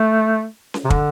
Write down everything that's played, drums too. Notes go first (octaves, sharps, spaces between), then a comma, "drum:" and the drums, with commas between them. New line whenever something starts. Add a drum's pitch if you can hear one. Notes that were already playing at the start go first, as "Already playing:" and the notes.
Already playing: A3
drum: snare C#4
C3
D3, drum: kick